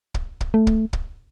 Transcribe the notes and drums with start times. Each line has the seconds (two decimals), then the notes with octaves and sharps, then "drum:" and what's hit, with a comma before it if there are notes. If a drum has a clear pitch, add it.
0.14 drum: kick
0.41 drum: kick
0.54 A3
0.67 drum: kick
0.93 drum: kick